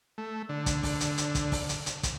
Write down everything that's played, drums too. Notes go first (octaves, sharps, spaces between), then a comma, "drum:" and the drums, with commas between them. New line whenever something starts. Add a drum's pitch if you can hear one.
A3
D3
drum: kick, hi-hat
drum: kick, open hi-hat
drum: hi-hat
drum: hi-hat
drum: kick, hi-hat
drum: kick, open hi-hat
drum: hi-hat
drum: hi-hat
drum: kick, hi-hat